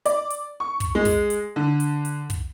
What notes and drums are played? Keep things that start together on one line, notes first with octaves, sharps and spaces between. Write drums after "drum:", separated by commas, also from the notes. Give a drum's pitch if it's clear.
D5, drum: hi-hat
drum: hi-hat
C#6
drum: kick, hi-hat
G#3
drum: kick, open hi-hat
drum: hi-hat
D3
drum: hi-hat
drum: hi-hat
drum: kick, hi-hat